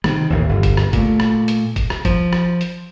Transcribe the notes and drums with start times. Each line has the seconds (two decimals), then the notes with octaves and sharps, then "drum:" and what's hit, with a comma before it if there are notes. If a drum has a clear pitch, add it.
0.04 C3 D#3 G#3, drum: rim click
0.30 A1 D#2
0.49 G1
0.63 drum: kick F#1, hi-hat
0.77 drum: rim click
0.93 A#2 A3, drum: kick F#1, hi-hat
1.20 drum: rim click
1.48 drum: hi-hat
1.76 drum: kick F#1, hi-hat
1.90 drum: rim click
2.05 F3, drum: kick F#1, hi-hat
2.33 drum: rim click
2.61 drum: hi-hat